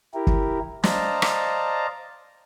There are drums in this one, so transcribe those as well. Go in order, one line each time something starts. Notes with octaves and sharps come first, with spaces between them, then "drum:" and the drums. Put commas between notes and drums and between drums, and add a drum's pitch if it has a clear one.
E4 G4 A#4
drum: kick
C5 D5 D#5 F5 A5 A#5, drum: snare
drum: rim click